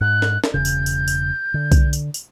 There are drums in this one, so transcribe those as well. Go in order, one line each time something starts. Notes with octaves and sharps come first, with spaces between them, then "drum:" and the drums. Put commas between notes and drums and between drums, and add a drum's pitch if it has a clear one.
G#2 F#6
drum: snare
drum: snare
E1 C#3 G6
drum: tambourine
drum: tambourine
drum: tambourine
D3
drum: kick B1, tambourine
drum: tambourine
drum: tambourine